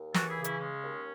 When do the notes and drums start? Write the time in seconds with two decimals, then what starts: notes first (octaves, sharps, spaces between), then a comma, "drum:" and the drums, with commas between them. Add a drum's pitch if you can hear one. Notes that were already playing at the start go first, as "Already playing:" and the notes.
Already playing: D#2
0.14 E3 F#4 A4, drum: snare
0.29 E4 G#4
0.37 C#3
0.44 C#4 E4, drum: hi-hat
0.59 G#3 C#4
0.82 D#2